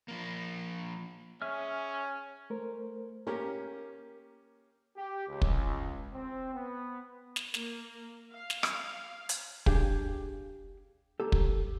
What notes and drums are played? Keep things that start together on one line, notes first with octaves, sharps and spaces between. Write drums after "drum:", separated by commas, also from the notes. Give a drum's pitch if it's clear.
F3 A#3
C#4 G#4 E5 F6
A3 A#4 C5
A#3 C#4 G4 A#4
G4
C#2
drum: kick
C4
B3
drum: snare
A#3, drum: snare
F5
drum: snare
drum: rim click
drum: hi-hat
D4 G4 G#4 F5 G5, drum: kick
A#3 G4 A4
drum: kick